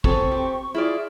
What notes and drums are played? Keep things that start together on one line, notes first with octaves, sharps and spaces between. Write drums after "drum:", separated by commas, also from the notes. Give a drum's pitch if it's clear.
C4 G#4 A4 C#6, drum: kick
G4
E4 F4 G#4 D5